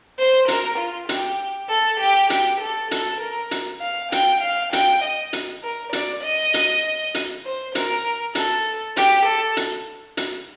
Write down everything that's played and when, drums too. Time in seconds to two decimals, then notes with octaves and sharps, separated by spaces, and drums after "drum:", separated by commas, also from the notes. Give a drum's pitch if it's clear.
0.19 C5
0.48 A#4, drum: hi-hat
0.79 F4
1.09 G4, drum: hi-hat
1.69 A4
2.00 G4
2.30 G4, drum: hi-hat
2.61 A4
2.91 A4, drum: hi-hat
3.21 A#4
3.51 drum: hi-hat
3.81 F5
4.12 G5, drum: hi-hat
4.41 F5
4.73 G5, drum: hi-hat
5.03 D#5
5.33 drum: hi-hat
5.63 A#4
5.93 D5, drum: hi-hat
6.24 D#5
6.54 drum: hi-hat
7.14 drum: hi-hat
7.45 C5
7.75 A#4, drum: hi-hat
8.35 A4, drum: hi-hat
8.97 G4, drum: hi-hat
9.26 A4
9.57 drum: hi-hat
10.17 drum: hi-hat